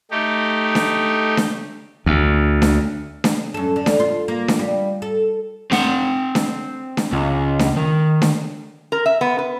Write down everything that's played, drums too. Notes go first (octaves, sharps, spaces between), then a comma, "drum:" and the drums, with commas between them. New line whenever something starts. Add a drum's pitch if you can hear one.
A3 D#4 G4
drum: snare D4
drum: snare D4
D2
drum: snare D4
drum: snare D4
F#2 A4
D3
drum: snare D4
F4
A#3
drum: snare D4
G3
A4
C4 F#5, drum: snare D4
drum: snare D4
drum: snare D4
C#2
drum: snare D4
D#3
drum: snare D4
A#4
E5
B3
B4